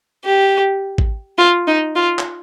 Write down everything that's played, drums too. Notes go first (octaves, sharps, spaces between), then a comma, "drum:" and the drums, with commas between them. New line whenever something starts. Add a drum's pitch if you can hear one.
G4
drum: kick A1
F4
D#4
F4
drum: clap